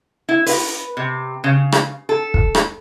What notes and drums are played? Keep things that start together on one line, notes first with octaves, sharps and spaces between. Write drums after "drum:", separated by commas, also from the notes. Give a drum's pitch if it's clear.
E4
B4, drum: open hi-hat
C3
C#3
drum: rim click
A4
drum: kick
drum: rim click